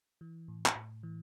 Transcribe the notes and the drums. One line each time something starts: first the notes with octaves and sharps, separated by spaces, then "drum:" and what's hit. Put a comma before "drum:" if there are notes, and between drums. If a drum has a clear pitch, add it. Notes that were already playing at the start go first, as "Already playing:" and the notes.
E3
A2
drum: clap
A2
E3